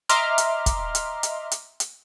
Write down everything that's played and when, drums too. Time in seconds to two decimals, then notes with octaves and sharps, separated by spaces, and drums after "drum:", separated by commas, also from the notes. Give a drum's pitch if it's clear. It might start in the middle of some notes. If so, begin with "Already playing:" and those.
0.09 D#5 E5 A#5 C6 D6 F6, drum: hi-hat
0.38 drum: hi-hat
0.66 drum: kick, hi-hat
0.95 drum: hi-hat
1.23 drum: hi-hat
1.51 drum: hi-hat
1.80 drum: hi-hat